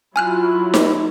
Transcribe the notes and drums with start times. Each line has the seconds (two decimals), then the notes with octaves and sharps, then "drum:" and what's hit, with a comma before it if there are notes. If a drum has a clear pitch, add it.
0.16 F#3 E4 F4 G#5 F6 F#6
0.74 drum: snare D#4